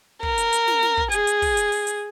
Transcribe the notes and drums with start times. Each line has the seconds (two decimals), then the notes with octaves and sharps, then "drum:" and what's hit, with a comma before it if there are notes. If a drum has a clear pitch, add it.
0.23 A#4, drum: kick
0.38 drum: hi-hat
0.53 drum: hi-hat
0.68 drum: snare
0.83 drum: snare
0.97 drum: kick
1.12 G#4, drum: hi-hat
1.27 drum: hi-hat
1.42 drum: kick, open hi-hat
1.57 drum: hi-hat
1.72 drum: open hi-hat
1.87 drum: hi-hat